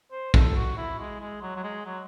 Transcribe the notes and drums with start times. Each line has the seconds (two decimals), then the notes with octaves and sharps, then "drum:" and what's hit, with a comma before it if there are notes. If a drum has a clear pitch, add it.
0.12 C5
0.34 A4, drum: kick A#1
0.55 F#4
0.77 E4
0.99 G#3
1.20 G#3
1.42 F#3
1.56 F#3
1.64 G#3
1.85 F#3